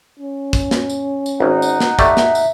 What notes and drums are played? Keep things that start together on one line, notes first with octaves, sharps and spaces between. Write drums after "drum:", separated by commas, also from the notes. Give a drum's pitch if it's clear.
C#4
drum: kick, tambourine
drum: snare
drum: tambourine
drum: tambourine
G#1 D#4 F#5
drum: tambourine
drum: snare
A3 G4 D5 E5, drum: kick, tambourine
drum: snare
drum: tambourine